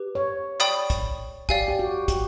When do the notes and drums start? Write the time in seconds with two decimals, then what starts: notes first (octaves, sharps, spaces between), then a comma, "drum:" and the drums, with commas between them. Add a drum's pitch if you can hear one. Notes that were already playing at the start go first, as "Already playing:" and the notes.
Already playing: G4 B4
0.15 C#5
0.60 D5 G5 B5 D#6, drum: clap
0.90 drum: kick, hi-hat
1.49 G4 D5 F5 G#5, drum: kick
1.68 G4
1.79 F#4
2.08 G4, drum: kick, hi-hat